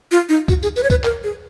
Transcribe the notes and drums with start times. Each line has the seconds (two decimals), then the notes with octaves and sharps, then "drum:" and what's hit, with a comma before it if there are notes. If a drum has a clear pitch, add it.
0.11 F4
0.29 D#4
0.48 F#4, drum: kick, tambourine
0.63 G#4, drum: tambourine
0.76 B4, drum: tambourine
0.83 C#5
0.90 B4, drum: kick, tambourine
1.04 A#4, drum: clap
1.24 G#4